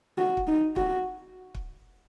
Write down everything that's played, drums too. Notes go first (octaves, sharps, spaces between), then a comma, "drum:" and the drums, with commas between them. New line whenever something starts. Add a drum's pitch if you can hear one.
F#4
drum: kick
D#4
F#4, drum: kick
drum: kick